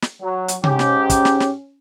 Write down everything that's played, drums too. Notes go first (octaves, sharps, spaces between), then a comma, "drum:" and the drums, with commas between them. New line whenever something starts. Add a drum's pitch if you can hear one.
drum: snare
F#3
drum: hi-hat
G#2 C#4 G4, drum: tom C3
drum: snare
drum: kick, hi-hat
drum: snare
drum: snare